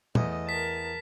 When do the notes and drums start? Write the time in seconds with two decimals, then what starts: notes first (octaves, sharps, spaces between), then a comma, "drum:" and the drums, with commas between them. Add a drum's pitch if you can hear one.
0.15 E2 A3 D#5, drum: tom
0.49 A#4 A5 B6